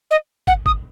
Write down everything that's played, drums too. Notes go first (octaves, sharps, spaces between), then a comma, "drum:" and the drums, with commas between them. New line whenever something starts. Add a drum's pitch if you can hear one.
D#5
F#5, drum: kick
D#6, drum: kick